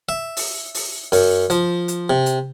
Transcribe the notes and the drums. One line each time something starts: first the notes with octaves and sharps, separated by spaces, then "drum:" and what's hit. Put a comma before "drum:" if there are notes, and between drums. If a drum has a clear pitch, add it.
E5
drum: open hi-hat
drum: open hi-hat
F#2, drum: open hi-hat
F3, drum: hi-hat
drum: hi-hat
C3
drum: hi-hat